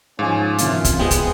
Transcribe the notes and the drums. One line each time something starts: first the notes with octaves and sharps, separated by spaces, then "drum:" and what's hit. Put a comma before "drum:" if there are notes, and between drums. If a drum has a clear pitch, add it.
G#2 F3 C#4 F5 G#5
F#2 C3 E3 F4, drum: hi-hat
drum: kick, hi-hat
G#3 B3 C5 G5 G#5
drum: kick, hi-hat